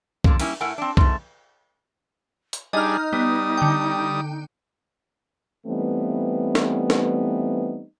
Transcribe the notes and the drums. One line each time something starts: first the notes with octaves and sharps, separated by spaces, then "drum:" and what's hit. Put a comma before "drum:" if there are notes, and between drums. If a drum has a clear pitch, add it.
D3 A#3 F4, drum: kick C2
G3 A#3 C#4 E4, drum: cymbal
A2 E4 A#4 F#5 G#5
C4 D4
G#2 A3, drum: kick C2
drum: hi-hat
G3 D4 D#4 G#4 D#5 F6
G3 B3 D#6
D3 G5
E3 G3 A3 B3 C4 D#4
drum: snare
drum: snare